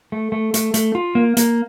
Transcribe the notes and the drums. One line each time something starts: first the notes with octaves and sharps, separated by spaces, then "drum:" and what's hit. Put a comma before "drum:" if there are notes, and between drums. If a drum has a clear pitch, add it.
A3
A3
A3, drum: hi-hat
A3, drum: hi-hat
F4
A#3
A#3, drum: hi-hat